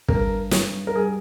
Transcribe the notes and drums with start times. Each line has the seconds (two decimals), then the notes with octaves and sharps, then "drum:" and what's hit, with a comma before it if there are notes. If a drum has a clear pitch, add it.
0.08 G2 A#4, drum: kick
0.51 G2, drum: snare
0.87 A#4
0.95 G3 G#4